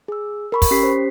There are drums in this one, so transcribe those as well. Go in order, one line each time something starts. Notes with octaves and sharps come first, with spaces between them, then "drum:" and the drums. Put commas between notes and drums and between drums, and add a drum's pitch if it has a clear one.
G#4 E6
A#4 B5 C#6
drum: kick, open hi-hat
C#4 G4 B6 C7
C5